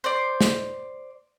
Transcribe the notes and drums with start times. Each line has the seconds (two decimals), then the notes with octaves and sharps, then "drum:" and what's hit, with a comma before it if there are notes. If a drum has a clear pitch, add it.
0.04 C5 D5
0.41 drum: snare